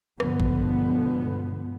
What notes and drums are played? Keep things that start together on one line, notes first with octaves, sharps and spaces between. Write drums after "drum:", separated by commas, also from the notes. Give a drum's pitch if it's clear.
C#2 G2 B2 D3 F3 B3, drum: rim click
drum: kick A1